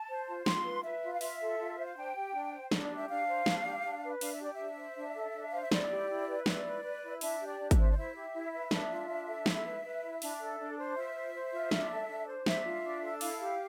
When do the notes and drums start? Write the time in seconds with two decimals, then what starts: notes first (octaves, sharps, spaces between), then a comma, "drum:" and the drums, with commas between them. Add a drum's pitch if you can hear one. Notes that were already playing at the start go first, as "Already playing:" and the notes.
Already playing: A5
0.09 C5
0.27 F4
0.46 F4 C6, drum: snare
0.65 B4
0.84 B4 E5
1.03 F4
1.14 F5
1.21 F4 E5, drum: open hi-hat
1.40 A4
1.59 F4
1.78 C5
1.86 F5
1.96 D4 G5
2.15 G4
2.34 D4
2.53 C5
2.71 D4, drum: snare
2.84 D5
2.90 G4
2.96 E5
3.09 D4 F5
3.28 C5
3.46 D4, drum: snare
3.65 G4
3.84 D4
4.03 B4
4.21 D4 F5, drum: open hi-hat
4.32 E5
4.40 G4 D5
4.53 E5
4.59 D4
4.77 C5
4.96 D4
5.15 A4
5.34 D4
5.51 C5 F5
5.61 E5
5.72 E4 D5, drum: snare
5.90 G4
6.09 E4
6.27 B4
6.46 E4 D5, drum: snare
6.65 B4
6.84 B4
7.02 E4
7.21 D4 E5, drum: open hi-hat
7.40 G4
7.46 D5
7.59 D4
7.71 E5, drum: kick G#1, hi-hat
7.78 C5
7.92 D5
7.96 E4 E5
8.15 G4
8.34 E4
8.53 B4
8.71 D4, drum: snare
8.90 F4
9.09 D4
9.28 A4
9.46 E4, drum: snare
9.65 B4
9.84 B4
10.03 E4
10.22 D4, drum: open hi-hat
10.40 A4
10.59 D4
10.78 C5
10.96 F4 E5
11.15 C5
11.34 C5
11.53 F4
11.71 D4, drum: snare
11.91 A4
12.09 D4
12.27 C5
12.46 D4 E5, drum: snare
12.65 F4
12.84 D4
13.03 A4
13.21 E4 F5, drum: open hi-hat
13.40 G4